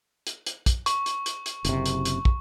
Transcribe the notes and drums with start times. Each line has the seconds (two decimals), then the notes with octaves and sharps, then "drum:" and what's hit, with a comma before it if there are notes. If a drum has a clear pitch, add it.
0.27 drum: hi-hat
0.46 drum: hi-hat
0.66 drum: kick, hi-hat
0.86 C#6, drum: hi-hat
1.06 drum: hi-hat
1.26 drum: hi-hat
1.46 drum: hi-hat
1.65 F#1 C3, drum: hi-hat
1.86 drum: hi-hat
2.05 drum: hi-hat
2.25 drum: kick